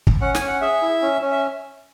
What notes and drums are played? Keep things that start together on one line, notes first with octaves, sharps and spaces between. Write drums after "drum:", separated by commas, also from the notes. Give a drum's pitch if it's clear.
drum: kick
C#4 F#5
G#5, drum: snare
C#4
F#5
G#4 E5
E4
C#4
C#4
E5